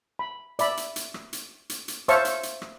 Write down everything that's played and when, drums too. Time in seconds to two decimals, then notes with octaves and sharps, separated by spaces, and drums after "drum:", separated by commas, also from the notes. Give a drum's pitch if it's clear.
0.19 B5
0.59 D5 E5 B5, drum: hi-hat
0.77 drum: hi-hat
0.96 drum: hi-hat
1.14 drum: rim click
1.33 drum: hi-hat
1.69 drum: hi-hat
1.88 drum: hi-hat
2.08 C5 C#5 E5 F5 A5 C#6, drum: hi-hat
2.25 drum: hi-hat
2.43 drum: hi-hat
2.62 drum: rim click